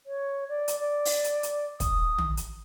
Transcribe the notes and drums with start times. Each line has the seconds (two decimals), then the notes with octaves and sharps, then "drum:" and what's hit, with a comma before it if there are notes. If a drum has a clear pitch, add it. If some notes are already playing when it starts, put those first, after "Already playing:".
0.06 C#5
0.49 D5
0.68 drum: hi-hat
0.80 D5
1.05 drum: open hi-hat
1.24 drum: hi-hat
1.43 drum: hi-hat
1.80 D#6, drum: kick, hi-hat
2.18 drum: tom
2.37 drum: hi-hat